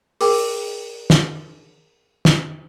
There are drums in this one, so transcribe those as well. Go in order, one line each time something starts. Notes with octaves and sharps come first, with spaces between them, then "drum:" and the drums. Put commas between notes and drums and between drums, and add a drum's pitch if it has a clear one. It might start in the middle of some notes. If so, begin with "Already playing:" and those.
G#4 A#4 G5, drum: open hi-hat
drum: snare
drum: snare